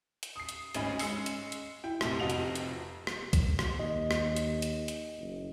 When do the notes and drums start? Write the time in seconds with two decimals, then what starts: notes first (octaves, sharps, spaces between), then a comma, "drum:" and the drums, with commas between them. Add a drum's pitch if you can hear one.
0.23 drum: hi-hat
0.36 D#6 C7
0.49 drum: hi-hat
0.74 G#1 D2 C#4 D#4 G#5 B5, drum: hi-hat
0.99 G#3 C#4 E6 C7 C#7, drum: open hi-hat
1.26 drum: hi-hat
1.52 drum: hi-hat
1.84 E4 G5
2.01 A#1 F2 A2 C3, drum: rim click
2.20 F1 F2 C3 F#4 D#5 F7
2.30 drum: hi-hat
2.55 drum: hi-hat
3.07 drum: rim click
3.33 drum: kick B1, hi-hat
3.59 drum: rim click
3.79 D#2 D#5
4.11 drum: rim click
4.36 drum: hi-hat
4.62 drum: hi-hat
4.88 drum: hi-hat
5.18 F#1